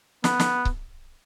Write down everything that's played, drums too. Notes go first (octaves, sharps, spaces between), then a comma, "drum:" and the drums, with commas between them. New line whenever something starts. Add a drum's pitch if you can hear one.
B3, drum: snare
drum: snare
drum: kick C#1